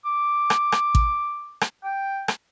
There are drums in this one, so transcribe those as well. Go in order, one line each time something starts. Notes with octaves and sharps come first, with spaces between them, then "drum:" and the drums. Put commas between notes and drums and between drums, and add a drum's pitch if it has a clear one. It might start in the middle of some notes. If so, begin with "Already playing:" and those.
D6
drum: rim click
drum: rim click
drum: kick A1
drum: rim click
G5
drum: rim click